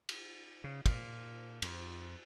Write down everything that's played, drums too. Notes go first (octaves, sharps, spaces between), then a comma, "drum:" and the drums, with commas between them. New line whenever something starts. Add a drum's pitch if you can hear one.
drum: cymbal
C#3
A#2, drum: kick, cymbal
F2, drum: cymbal